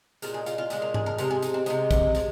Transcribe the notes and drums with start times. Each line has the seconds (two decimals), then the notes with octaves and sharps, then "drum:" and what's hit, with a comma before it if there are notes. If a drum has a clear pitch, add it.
0.22 A#2 G#3 A#4, drum: tambourine
0.34 G#4
0.46 F4, drum: tambourine
0.58 F4
0.70 A#2 G#3 G#4, drum: tambourine
0.82 A#4
0.94 G#4, drum: tom G#2
1.06 A#4
1.18 C3 G#3 A#4, drum: tambourine
1.31 G#4
1.42 D#4, drum: tambourine
1.54 C4
1.66 C3 G#3 D#4, drum: tambourine
1.91 drum: kick, tambourine
2.15 F3 G#3, drum: tambourine